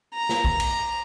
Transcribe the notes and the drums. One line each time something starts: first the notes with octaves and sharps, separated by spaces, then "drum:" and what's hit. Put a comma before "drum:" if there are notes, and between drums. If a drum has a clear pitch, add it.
A#5
drum: snare
drum: kick
drum: cymbal